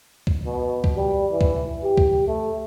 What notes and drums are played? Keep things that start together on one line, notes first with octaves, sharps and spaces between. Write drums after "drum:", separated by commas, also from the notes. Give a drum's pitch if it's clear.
drum: kick
B2
drum: kick
G3
E3
drum: kick
G4
drum: kick
A3